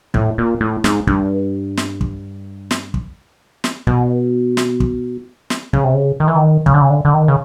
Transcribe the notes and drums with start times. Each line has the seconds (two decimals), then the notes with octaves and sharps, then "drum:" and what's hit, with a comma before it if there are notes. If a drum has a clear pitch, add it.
0.14 A2, drum: kick
0.38 A#2
0.61 A2
0.84 G#2, drum: snare
1.07 G2, drum: kick
1.77 drum: snare
2.01 drum: kick
2.71 drum: snare
2.94 drum: kick
3.64 drum: snare
3.87 B2, drum: kick
4.57 drum: snare
4.80 drum: kick
5.50 drum: snare
5.73 C#3, drum: kick
5.84 C3
5.94 C#3
6.20 D#3
6.28 E3
6.36 D#3
6.66 C#3, drum: kick
6.74 D3
6.81 C#3
6.90 D3
7.05 D3
7.14 D#3
7.28 C#3